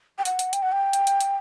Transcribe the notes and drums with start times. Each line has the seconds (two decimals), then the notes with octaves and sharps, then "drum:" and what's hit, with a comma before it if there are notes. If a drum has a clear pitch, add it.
0.18 G5
0.25 F#5, drum: hi-hat
0.39 drum: hi-hat
0.53 G5, drum: hi-hat
0.62 F#5
0.72 G5
0.93 drum: hi-hat
1.07 drum: hi-hat
1.20 drum: hi-hat